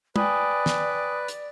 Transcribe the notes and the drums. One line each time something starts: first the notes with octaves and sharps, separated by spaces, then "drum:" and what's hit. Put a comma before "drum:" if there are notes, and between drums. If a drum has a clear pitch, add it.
B4 D5 G5 G#5 B5 D#6, drum: tom
drum: snare
drum: hi-hat